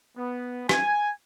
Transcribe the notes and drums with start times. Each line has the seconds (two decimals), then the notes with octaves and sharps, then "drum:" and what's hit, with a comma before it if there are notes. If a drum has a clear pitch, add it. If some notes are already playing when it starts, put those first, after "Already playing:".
0.18 B3
0.69 G#5, drum: rim click